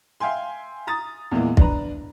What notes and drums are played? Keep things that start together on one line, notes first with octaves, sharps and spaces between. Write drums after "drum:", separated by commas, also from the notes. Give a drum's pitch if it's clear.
E5 F5 G5 G#5 C6
A#5 D#6 A6
E2 A#2 E3 G#3 A#3 B3
D4 B4 A#5, drum: kick